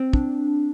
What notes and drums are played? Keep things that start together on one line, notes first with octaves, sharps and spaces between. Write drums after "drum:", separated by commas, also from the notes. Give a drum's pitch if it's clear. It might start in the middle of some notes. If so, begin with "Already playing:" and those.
Already playing: C4
D4, drum: kick